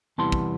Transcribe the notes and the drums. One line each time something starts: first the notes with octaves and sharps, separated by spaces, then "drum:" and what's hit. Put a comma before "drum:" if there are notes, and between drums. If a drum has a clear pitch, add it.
E2 C3 G3 B3 E4 A5 C6
drum: kick